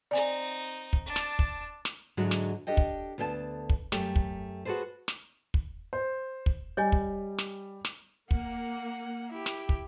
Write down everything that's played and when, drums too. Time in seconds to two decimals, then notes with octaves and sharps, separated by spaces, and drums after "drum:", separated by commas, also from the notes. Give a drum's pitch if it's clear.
0.11 C4 D#4 D5 G#5
0.93 drum: kick
1.06 D4 A5
1.16 drum: snare
1.39 drum: kick
1.85 drum: snare
2.17 G#2 D3 F#3 G#3 E4 F#4
2.31 drum: snare
2.67 D4 G4 A4 D#5 G5
2.77 drum: kick
3.18 D2 B3 A4 G5 A5
3.70 drum: kick
3.92 F#2 A3 G4 G5, drum: snare
4.16 drum: kick
4.65 F#4 G#4 A4 B4 C5
5.08 drum: snare
5.54 drum: kick
5.93 C5
6.46 drum: kick
6.77 G3 C#5 D#5 G#5
6.92 drum: kick
7.38 drum: snare
7.85 drum: snare
8.31 A#3 F#5, drum: kick
9.30 E4 G4
9.46 drum: snare
9.69 drum: kick